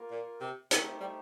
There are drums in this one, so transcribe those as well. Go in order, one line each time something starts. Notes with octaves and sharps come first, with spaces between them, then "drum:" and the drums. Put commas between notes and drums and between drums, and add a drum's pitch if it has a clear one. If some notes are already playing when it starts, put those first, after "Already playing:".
Already playing: A#3 F4 A#4 F5
A#2
C3
C3 A3 D#4 G4 C5, drum: hi-hat
G3